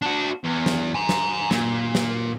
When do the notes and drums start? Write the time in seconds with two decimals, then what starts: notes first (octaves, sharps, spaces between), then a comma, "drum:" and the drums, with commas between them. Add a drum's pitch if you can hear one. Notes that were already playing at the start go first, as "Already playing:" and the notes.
0.02 D4 F#4
0.44 E2
0.66 drum: snare
0.95 G#5 A#5
1.09 drum: snare
1.51 A#2, drum: snare
1.95 drum: snare